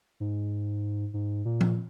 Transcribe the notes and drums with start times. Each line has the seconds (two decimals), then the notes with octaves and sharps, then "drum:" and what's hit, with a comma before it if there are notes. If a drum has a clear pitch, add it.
0.20 G#2
1.14 G#2
1.45 A#2
1.61 drum: tom F3